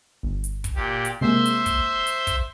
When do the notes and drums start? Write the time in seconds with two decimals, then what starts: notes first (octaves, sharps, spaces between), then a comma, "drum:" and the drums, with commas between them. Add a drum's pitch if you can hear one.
0.23 G1
0.44 drum: hi-hat
0.64 drum: kick, hi-hat
0.75 A#2 G4
1.05 drum: hi-hat
1.21 C3 G#3 A#3 C5 E5 C6
1.45 drum: hi-hat
1.66 drum: kick, hi-hat
2.07 drum: hi-hat
2.27 drum: kick, hi-hat